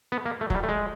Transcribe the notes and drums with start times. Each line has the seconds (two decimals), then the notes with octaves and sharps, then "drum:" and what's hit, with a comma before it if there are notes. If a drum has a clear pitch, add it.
0.12 B3
0.26 A#3
0.41 A3
0.50 F#3, drum: kick
0.55 G3
0.63 A3
0.69 G#3